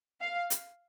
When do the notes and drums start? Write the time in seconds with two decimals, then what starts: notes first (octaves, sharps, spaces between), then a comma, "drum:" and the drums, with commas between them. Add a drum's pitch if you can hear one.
0.20 F5
0.50 drum: hi-hat